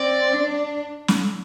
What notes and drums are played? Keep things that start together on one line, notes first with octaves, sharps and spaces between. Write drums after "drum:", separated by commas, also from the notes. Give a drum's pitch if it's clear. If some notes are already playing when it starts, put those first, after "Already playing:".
Already playing: C4 D5
D4
drum: snare